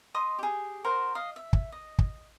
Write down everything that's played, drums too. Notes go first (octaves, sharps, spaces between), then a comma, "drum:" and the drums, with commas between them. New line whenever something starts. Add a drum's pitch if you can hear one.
D#5 C6 D#6
G4 G#4
F#4 A#4 C5
D#5 F5
E5
drum: kick
D#5
drum: kick